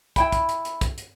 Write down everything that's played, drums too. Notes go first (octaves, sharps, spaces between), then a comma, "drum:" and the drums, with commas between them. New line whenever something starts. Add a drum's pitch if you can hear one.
E4 G5 B5, drum: kick, hi-hat
drum: kick, hi-hat
drum: hi-hat
drum: hi-hat
drum: kick, hi-hat
drum: hi-hat